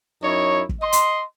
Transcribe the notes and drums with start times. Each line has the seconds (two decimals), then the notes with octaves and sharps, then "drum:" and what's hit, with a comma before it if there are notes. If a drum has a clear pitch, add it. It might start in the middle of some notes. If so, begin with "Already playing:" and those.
0.23 F#2 D#4 E4 C#5
0.69 drum: kick
0.82 D#5 C6
0.93 drum: hi-hat